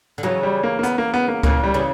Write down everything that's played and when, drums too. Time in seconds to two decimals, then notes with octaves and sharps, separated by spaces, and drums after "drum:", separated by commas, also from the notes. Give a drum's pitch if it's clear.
0.18 D3
0.23 C#3 E3 F#3
0.43 G3
0.63 A#3
0.79 A#3
0.83 B3, drum: hi-hat
0.98 A#3
1.14 B3
1.28 A#3
1.43 C#3 E3 A#3, drum: kick C#2
1.63 G3
1.74 C#3 E3